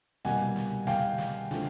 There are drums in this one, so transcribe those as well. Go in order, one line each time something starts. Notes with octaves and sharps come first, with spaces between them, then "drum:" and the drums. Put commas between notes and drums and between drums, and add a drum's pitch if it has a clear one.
C2 B2 G3 A#3 F#5 G#5, drum: snare
drum: snare
F5 G5, drum: snare
drum: snare
D3 F3 A3, drum: snare